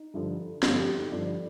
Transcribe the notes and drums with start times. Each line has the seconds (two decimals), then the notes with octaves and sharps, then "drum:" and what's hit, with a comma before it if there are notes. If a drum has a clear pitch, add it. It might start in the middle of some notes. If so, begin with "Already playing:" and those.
Already playing: D#4
0.14 G2 D3 F3
0.63 G2 D3 F3 F4, drum: snare
0.80 G4
0.97 D#4
1.12 G2 D3 F3 D4